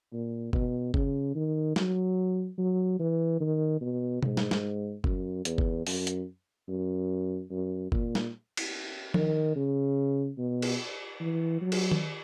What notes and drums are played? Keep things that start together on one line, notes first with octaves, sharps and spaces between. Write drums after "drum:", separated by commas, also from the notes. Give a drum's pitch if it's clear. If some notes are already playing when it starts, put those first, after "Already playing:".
A#2
B2, drum: kick F#1
C#3, drum: kick F#1
D#3
F#3, drum: snare
F#3
E3
D#3
B2
G#2, drum: tom B2
drum: snare
drum: snare
F#2, drum: kick F#1
E2, drum: hi-hat
drum: kick F#1
F#2, drum: open hi-hat
drum: hi-hat
F#2
F#2
A#2, drum: kick F#1
drum: snare
drum: cymbal
D#3, drum: tom F3
C#3
B2
drum: cymbal
E3
F#3
drum: cymbal
drum: tom D#3